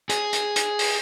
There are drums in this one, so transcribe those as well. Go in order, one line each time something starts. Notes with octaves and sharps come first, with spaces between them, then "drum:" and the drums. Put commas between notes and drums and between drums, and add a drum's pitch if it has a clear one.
G#4, drum: hi-hat
drum: hi-hat
drum: hi-hat
drum: open hi-hat